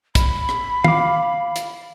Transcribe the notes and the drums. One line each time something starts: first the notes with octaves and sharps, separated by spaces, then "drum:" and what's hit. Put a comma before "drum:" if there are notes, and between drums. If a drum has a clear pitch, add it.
B5, drum: kick, hi-hat
drum: rim click
F5 D6, drum: tom D#3
drum: hi-hat